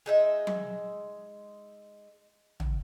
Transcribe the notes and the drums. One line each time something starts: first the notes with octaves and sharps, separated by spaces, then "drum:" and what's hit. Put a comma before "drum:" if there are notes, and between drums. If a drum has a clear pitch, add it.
G#3 D#4 E5
drum: tom F#3
drum: tom